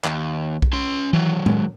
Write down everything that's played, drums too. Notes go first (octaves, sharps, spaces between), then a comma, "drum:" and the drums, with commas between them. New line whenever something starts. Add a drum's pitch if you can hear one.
D#2, drum: clap
drum: kick B1
C#4 C6
D#3 E3 F#3
G#3, drum: tom A2